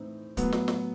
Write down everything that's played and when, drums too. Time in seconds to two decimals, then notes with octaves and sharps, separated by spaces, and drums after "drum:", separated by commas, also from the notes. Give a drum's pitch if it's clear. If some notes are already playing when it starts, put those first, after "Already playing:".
Already playing: A2 E3 C4 D#4
0.37 A2 F#3 B3, drum: kick C#1, hi-hat
0.52 drum: snare
0.68 drum: snare